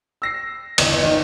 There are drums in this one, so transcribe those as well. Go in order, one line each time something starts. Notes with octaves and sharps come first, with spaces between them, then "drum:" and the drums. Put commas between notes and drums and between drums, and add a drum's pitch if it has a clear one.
E6 A#6 C7
G1 E2 D#5, drum: cymbal
D#3